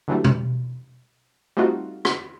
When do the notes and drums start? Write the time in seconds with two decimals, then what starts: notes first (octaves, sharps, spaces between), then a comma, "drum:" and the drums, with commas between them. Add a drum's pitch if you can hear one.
0.08 D3 E3 F#3 G3 A3
0.24 drum: tom B2
1.57 G3 A3 C4 D#4 F4 F#4
2.05 drum: rim click